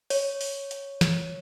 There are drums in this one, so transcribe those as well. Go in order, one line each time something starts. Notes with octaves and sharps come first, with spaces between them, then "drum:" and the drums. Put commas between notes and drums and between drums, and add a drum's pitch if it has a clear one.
C#5, drum: open hi-hat
drum: open hi-hat
drum: hi-hat
drum: snare